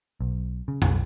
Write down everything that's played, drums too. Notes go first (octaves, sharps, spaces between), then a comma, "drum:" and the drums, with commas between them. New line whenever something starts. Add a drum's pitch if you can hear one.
B1
C#3
B1, drum: tom F2